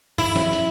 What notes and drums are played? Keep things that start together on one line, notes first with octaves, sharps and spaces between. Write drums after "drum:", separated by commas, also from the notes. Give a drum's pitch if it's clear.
E4, drum: tom G2
drum: snare
drum: hi-hat